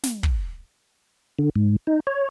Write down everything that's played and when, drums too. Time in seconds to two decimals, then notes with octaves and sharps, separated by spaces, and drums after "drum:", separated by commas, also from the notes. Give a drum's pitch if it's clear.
0.03 drum: snare
0.23 drum: kick
1.39 D3
1.56 G#2
1.87 D#4
2.07 C#5